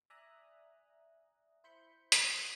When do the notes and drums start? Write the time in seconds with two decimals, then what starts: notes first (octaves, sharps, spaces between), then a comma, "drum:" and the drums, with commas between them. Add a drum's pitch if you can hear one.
0.10 D5 E5 G#5 A#5 D#6 F#6
1.64 E4 C5 B5 G6 C#7
2.12 drum: hi-hat